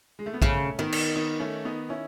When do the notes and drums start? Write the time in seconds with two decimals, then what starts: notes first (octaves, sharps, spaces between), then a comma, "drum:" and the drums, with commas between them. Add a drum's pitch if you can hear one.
0.19 G#3
0.26 A3
0.33 B3
0.42 C#3 A3 C#4, drum: kick A#1
0.79 D#3 B3 D#4
0.92 drum: cymbal
1.16 B3 D#4
1.40 A3 C#4
1.65 B3 D#4
1.89 C#4 E4